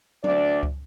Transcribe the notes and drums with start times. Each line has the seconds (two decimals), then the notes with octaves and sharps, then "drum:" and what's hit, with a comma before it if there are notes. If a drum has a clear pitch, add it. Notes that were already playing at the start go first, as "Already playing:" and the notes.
0.24 D2 D4 D5, drum: tom F#3
0.63 drum: kick C#2